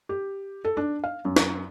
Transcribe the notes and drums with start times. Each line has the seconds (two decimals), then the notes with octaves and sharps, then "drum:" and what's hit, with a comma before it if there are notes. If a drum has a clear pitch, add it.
0.09 G4
0.65 A4
0.77 D4
1.04 F5
1.25 F#2
1.36 drum: snare